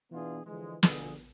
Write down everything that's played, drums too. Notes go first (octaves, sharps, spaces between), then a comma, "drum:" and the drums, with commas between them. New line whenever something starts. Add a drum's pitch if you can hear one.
B2 E3 B3 D4 F4 G#4
D3 E3 F3 G#3
B2 D3 B3 F4 G#4, drum: snare